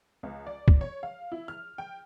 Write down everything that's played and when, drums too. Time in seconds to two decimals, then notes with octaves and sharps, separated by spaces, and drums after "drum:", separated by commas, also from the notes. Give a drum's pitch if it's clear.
0.23 C#2
0.47 D5
0.68 drum: kick
0.81 C#5
1.03 F5
1.32 E4
1.48 F6
1.78 G5